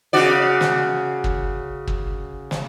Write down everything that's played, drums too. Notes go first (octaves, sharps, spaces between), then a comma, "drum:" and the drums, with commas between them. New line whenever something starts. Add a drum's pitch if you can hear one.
C#3 F#4 D5
drum: snare
drum: kick
drum: kick
drum: snare